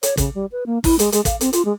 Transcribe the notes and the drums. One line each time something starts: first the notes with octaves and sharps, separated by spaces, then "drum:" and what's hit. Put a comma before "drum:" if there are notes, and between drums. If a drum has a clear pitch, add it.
C#5, drum: hi-hat
C#3, drum: kick, hi-hat
G3
B4
A#3
E4, drum: kick, open hi-hat
G#3, drum: hi-hat
G#3, drum: hi-hat
F5, drum: kick, hi-hat
C4, drum: hi-hat
F4, drum: hi-hat
G#3